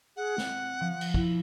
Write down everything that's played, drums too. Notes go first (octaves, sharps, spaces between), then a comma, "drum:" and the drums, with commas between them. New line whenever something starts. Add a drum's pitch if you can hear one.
G#4 F#5
C4, drum: snare
F3
drum: cymbal
E4, drum: kick